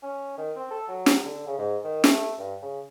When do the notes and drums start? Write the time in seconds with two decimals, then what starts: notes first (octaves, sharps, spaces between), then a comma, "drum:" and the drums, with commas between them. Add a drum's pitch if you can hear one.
0.03 C#4
0.37 D#3
0.56 C4
0.71 A4
0.89 F#3
1.06 drum: snare
1.25 D3
1.47 C#3
1.58 G#2
1.84 D#3
2.04 A3, drum: snare
2.39 G2
2.62 C#3